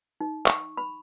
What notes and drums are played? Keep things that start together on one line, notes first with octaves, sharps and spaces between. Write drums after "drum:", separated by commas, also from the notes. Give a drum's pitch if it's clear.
D#4
C#6, drum: clap
B5